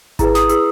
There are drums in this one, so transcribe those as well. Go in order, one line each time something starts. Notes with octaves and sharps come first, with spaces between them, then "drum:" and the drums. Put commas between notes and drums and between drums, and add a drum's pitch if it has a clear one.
E4 G#4 B4 A#5, drum: kick G#1, hi-hat
D#6, drum: snare
E4 G#4 B4 E6, drum: hi-hat